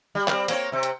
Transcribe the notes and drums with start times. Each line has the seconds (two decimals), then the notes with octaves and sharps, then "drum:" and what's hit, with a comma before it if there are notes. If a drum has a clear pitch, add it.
0.15 G3
0.28 G3 C4, drum: clap
0.48 A#3 C4 C#5, drum: hi-hat
0.72 C3 C4
0.83 drum: hi-hat